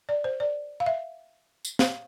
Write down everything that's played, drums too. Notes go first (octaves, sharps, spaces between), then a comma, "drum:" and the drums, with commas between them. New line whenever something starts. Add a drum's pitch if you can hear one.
D5
C5
D5
F5
E5
drum: tambourine
F5, drum: snare